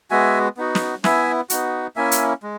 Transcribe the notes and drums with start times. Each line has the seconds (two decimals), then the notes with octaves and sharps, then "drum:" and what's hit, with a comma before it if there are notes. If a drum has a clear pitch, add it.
0.11 G#3 B3 F#4 E5 G#5
0.57 B3 D#4 F#4
0.75 drum: snare
1.04 B3 E4 E5 G#5, drum: snare
1.50 B3 D#4 F#4, drum: hi-hat
1.96 A#3 C#4 E4 E5 G#5
2.11 drum: hi-hat
2.43 G#3